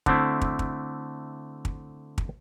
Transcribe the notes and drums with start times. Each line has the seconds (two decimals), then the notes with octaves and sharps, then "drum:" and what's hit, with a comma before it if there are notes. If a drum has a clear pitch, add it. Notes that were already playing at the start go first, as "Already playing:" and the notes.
0.06 D3 A3 C4 E4, drum: kick
0.41 drum: kick
0.59 drum: kick
1.65 drum: kick
2.18 drum: kick